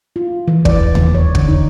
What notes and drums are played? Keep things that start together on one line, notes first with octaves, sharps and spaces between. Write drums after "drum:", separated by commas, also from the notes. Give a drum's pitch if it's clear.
F4
E3
D5, drum: kick
drum: tom D#2
C#5
D3, drum: kick
D#4